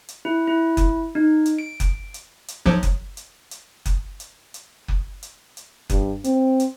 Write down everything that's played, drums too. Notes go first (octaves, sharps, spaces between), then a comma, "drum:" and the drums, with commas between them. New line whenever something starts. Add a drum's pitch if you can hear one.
drum: hi-hat
E4
E4
drum: kick F#1, hi-hat
D#4
drum: hi-hat
D7
drum: kick F#1, hi-hat
drum: hi-hat
drum: hi-hat
B1 F3 F#3
drum: kick F#1, hi-hat
drum: hi-hat
drum: hi-hat
drum: kick F#1, hi-hat
drum: hi-hat
drum: hi-hat
drum: kick F#1
drum: hi-hat
drum: hi-hat
G2, drum: kick F#1, hi-hat
C4, drum: hi-hat
drum: hi-hat